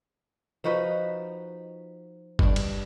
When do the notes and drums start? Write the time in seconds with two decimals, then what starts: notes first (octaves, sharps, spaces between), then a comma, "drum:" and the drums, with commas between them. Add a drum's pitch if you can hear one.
0.64 F3 D#4 F#4 B4
2.39 G2 D4, drum: kick F#1
2.56 drum: cymbal